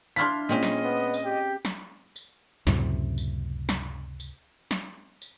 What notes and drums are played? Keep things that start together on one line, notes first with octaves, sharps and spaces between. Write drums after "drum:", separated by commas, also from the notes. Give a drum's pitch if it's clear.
D4 E4 F4 C6 F6 B6
A#2 G#3 C4 C#4 D#5
drum: snare
B3
drum: tambourine
G4
drum: snare
drum: tambourine
C#2 F#2 A2 C3, drum: snare
drum: tambourine
drum: snare
drum: tambourine
drum: snare
drum: tambourine